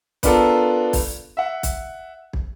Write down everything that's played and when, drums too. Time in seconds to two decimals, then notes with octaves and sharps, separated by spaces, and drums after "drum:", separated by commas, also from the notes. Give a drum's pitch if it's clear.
0.23 B3 D4 F4 A4 A#4, drum: kick, hi-hat
0.93 drum: kick, open hi-hat
1.37 E5 F#5
1.63 drum: kick, hi-hat
2.33 drum: kick